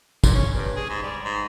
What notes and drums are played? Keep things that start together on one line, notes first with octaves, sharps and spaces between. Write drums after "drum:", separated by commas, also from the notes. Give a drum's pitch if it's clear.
A#2, drum: kick, tambourine
C#4
G2
G#4
G#2
G3
G#2